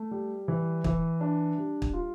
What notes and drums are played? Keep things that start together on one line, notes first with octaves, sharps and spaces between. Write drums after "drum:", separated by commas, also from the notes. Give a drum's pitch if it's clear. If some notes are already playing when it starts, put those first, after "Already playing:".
Already playing: A3
G3
E3
E3, drum: kick
D4
G3
drum: kick
F4